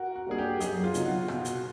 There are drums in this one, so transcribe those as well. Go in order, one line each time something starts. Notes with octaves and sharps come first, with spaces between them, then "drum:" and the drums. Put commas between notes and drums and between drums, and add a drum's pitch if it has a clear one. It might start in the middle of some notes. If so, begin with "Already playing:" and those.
Already playing: F#4 A#4
F#4
G3 A#3 D4 G#4
G4
F#2 G#4, drum: hi-hat
F4
D3 F#3 B3 D#4, drum: hi-hat
F#4
B2, drum: rim click
drum: hi-hat